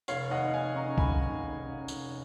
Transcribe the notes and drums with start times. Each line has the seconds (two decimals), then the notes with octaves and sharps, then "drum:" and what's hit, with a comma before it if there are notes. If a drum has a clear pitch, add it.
0.08 F1 C#5 F5, drum: tambourine
0.30 D#2 D#5 F#5
0.53 F1 F5 G#5
0.75 C#3 A#5 C#6
0.98 F1 G#5 B5, drum: kick C2
1.20 D#2
1.43 F1
1.65 C#3
1.88 F1, drum: tambourine